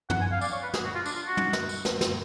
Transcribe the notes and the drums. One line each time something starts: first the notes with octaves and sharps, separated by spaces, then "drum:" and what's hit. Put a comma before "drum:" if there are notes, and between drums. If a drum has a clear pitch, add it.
F#5, drum: tom
G#5
F5
D5, drum: tambourine
C#5
B4
G#4, drum: snare
F#4
F4
D4, drum: tambourine
F4
F#4
drum: tom
drum: snare
drum: tambourine
drum: snare
drum: snare